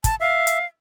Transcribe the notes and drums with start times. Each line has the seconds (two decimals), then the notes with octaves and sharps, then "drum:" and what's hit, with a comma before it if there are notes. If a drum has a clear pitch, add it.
0.04 A5, drum: kick, hi-hat
0.21 E5 F5
0.47 drum: hi-hat